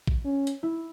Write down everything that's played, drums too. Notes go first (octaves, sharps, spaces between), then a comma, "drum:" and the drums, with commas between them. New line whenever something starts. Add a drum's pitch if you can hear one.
drum: kick A1
C#4
drum: hi-hat
E4